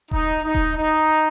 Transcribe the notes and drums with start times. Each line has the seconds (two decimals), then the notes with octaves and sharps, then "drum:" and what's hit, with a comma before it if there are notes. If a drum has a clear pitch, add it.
0.11 D#4, drum: kick D#1
0.44 D#4
0.55 drum: kick D#1
0.76 D#4